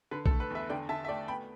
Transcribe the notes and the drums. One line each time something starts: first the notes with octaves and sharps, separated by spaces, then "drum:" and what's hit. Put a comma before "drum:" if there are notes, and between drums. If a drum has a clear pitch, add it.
D3 B4
A4, drum: kick
A3
B4
E2 B4 E5
D3 D5 G5
D3 E5 A5
E5
A3 D5 G5
B3 G5 B5